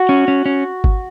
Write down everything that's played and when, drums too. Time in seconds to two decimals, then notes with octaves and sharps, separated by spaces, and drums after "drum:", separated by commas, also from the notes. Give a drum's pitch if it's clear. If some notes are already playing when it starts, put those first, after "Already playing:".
Already playing: F#4
0.09 C#4
0.28 C#4
0.46 C#4
0.84 drum: kick G#1